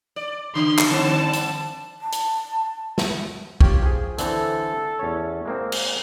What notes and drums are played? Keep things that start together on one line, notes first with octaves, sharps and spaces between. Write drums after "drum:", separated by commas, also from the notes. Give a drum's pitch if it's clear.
D5
C#3 C6
drum: clap
G2 D3 C4 A5
drum: hi-hat
A5
drum: hi-hat
drum: snare
F4 G4 C#5, drum: kick B1
F3 G#4
D3 E3 C4 A4, drum: hi-hat
E2 C#4 C#5
G#3 A#3 C4
drum: cymbal